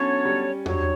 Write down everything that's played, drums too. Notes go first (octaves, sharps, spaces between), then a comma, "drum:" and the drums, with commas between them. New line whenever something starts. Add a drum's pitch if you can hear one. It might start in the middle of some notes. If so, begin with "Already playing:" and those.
Already playing: F#3 B3 C#4 D4 A4 C#5
G3
F#3 G3 D4 G4 C#5, drum: tom E2